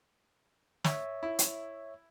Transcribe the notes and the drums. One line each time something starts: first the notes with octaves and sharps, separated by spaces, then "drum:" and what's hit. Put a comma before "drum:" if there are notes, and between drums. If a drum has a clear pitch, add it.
C#5 E5, drum: snare
E4
drum: hi-hat